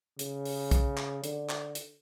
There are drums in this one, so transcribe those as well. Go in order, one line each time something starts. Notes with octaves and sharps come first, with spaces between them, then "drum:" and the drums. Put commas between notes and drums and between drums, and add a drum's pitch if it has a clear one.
C#3, drum: hi-hat
drum: open hi-hat
drum: kick, hi-hat
drum: clap
D3, drum: hi-hat
drum: clap
drum: hi-hat